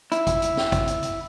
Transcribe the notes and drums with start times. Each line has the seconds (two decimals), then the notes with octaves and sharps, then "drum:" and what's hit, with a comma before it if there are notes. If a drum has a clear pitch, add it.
0.12 E4, drum: hi-hat
0.27 drum: kick G#1, hi-hat
0.42 drum: hi-hat
0.57 drum: snare
0.72 drum: kick G#1, hi-hat
0.87 drum: hi-hat
1.03 drum: hi-hat